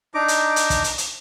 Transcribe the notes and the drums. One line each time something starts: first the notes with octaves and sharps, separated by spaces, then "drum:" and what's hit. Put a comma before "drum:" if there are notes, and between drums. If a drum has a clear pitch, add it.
D4 D#4 A#5 D6
drum: hi-hat
drum: hi-hat
drum: kick, hi-hat
drum: hi-hat
drum: hi-hat